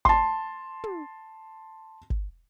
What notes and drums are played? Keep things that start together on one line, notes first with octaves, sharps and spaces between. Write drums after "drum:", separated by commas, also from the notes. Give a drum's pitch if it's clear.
A5 C6, drum: kick G1
drum: tom
drum: kick G1